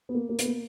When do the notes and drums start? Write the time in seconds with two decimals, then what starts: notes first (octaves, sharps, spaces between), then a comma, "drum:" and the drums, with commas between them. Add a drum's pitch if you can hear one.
0.09 B3
0.15 A#3
0.29 A#3
0.39 B3, drum: hi-hat
0.46 A#3